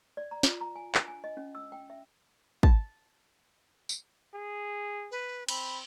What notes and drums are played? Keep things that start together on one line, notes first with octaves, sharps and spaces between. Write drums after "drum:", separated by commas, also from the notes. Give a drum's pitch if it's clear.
D5
A#5
F4, drum: snare
A#5
G#5
D4, drum: clap
G#5
D#5
C#4
E6
G5
E5
A5, drum: kick
drum: tambourine
G#4
B4
C4 B5, drum: cymbal